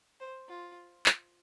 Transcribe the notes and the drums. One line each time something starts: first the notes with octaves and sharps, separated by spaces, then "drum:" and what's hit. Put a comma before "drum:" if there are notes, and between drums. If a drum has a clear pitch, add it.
C5
F4
drum: clap